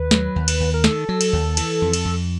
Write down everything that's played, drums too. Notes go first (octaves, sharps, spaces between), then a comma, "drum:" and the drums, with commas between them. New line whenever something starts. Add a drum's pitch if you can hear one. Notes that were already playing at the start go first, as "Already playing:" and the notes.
Already playing: D#2 B4
F#3, drum: snare
D#2
drum: cymbal
D#2
A#4
D#3 A4, drum: snare
F#3
drum: cymbal
D#2
E3, drum: cymbal
F2
drum: cymbal
F2